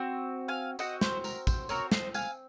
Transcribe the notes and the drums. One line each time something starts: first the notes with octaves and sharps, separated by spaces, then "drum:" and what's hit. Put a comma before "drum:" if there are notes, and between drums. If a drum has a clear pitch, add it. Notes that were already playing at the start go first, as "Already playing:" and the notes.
Already playing: C4 F#4
F5 G#5
C4 F#4 D#5 F#5, drum: tambourine
C5, drum: snare
A#4, drum: tambourine
C5, drum: kick, tambourine
C4 F#4 A#4 C#5, drum: tambourine
C5 D#5, drum: snare
F5 G#5, drum: tambourine